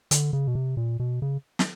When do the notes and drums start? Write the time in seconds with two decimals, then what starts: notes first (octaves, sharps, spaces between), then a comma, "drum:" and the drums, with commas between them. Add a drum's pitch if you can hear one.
0.11 D3, drum: hi-hat
0.33 C#3
0.47 B2
0.55 C3
0.77 A#2
1.00 B2
1.22 C#3
1.59 drum: snare